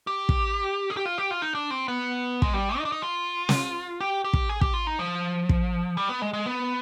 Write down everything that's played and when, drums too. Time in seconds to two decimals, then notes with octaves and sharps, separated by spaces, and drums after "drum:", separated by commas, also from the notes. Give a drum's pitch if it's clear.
0.07 G4
0.29 drum: kick
0.90 G#4
0.97 G4
1.06 F4
1.18 G4
1.31 F4
1.42 D#4
1.55 D4
1.70 C4
1.88 B3
2.42 G#3, drum: kick
2.54 G3
2.78 D#4
2.85 D4
2.92 D#4
3.02 F4
3.49 drum: snare
4.00 G4
4.24 G4
4.33 drum: kick
4.49 G#4
4.61 G4, drum: kick
4.73 F4
4.87 D#4
4.99 F3
5.49 drum: kick
5.97 G3
6.09 B3
6.22 G#3
6.33 G#3
6.46 B3